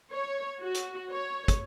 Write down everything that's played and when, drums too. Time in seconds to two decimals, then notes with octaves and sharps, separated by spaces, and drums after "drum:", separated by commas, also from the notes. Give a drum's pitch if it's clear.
0.13 C#5
0.62 F#4
0.75 drum: hi-hat
1.11 C#5
1.48 drum: kick, hi-hat